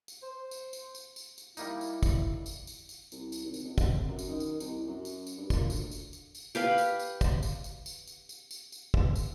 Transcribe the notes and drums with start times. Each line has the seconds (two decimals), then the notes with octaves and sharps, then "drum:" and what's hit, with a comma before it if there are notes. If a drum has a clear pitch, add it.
0.08 drum: tambourine
0.23 C5
0.51 drum: tambourine
0.73 drum: tambourine
0.95 drum: tambourine
1.16 drum: tambourine
1.38 drum: tambourine
1.57 G3 A#3 D#4 E4, drum: tambourine
1.81 drum: tambourine
2.03 drum: kick, tambourine
2.46 drum: tambourine
2.67 drum: tambourine
2.89 drum: tambourine
3.12 C2, drum: tambourine
3.32 drum: tambourine
3.45 G#1
3.54 drum: tambourine
3.64 C#2
3.78 F2, drum: kick, tambourine
4.09 F#2
4.19 drum: tambourine
4.29 D#3
4.40 drum: tambourine
4.60 C2, drum: tambourine
4.87 F#2
5.05 drum: tambourine
5.27 drum: tambourine
5.37 G2
5.50 A#2, drum: kick, tambourine
5.70 D2, drum: tambourine
5.91 drum: tambourine
6.13 drum: tambourine
6.35 drum: tambourine
6.55 G4 B4 F5, drum: tambourine
6.78 drum: tambourine
6.99 drum: tambourine
7.21 drum: kick, tambourine
7.43 drum: tambourine
7.64 drum: tambourine
7.86 drum: tambourine
8.07 drum: tambourine
8.29 drum: tambourine
8.51 drum: tambourine
8.72 drum: tambourine
8.94 drum: kick
9.15 drum: tambourine